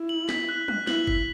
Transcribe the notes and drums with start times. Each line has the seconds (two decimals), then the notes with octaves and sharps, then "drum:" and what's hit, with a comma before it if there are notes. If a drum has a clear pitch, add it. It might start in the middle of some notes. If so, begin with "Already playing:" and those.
Already playing: E4
0.09 F#7
0.29 B6, drum: snare
0.49 F#6
0.68 F#6, drum: tom
0.87 E4 F#7, drum: snare
1.07 B6, drum: kick G1